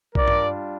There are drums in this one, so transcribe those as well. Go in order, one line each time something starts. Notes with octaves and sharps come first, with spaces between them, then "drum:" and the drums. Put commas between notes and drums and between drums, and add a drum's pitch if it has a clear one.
G3 D4 F4 A#4 D5, drum: kick A#1
drum: tom G2